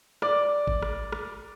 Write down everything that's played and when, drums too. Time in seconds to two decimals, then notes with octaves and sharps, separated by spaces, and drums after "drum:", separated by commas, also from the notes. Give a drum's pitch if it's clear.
0.22 D5 D6, drum: rim click
0.67 drum: kick
0.82 drum: rim click
1.12 drum: rim click